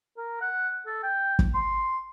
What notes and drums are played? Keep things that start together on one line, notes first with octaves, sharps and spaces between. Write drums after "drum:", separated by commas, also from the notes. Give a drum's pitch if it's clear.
A#4
F#5
A4
G5
drum: kick
C6